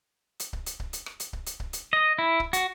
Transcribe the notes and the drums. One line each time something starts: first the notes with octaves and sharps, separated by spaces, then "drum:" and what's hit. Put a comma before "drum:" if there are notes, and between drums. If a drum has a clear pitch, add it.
drum: hi-hat
drum: kick C#1
drum: hi-hat
drum: kick C#1
drum: hi-hat
drum: rim click
drum: hi-hat
drum: kick C#1
drum: hi-hat
drum: kick C#1
drum: hi-hat
D#5
E4
drum: kick C#1
F#4, drum: hi-hat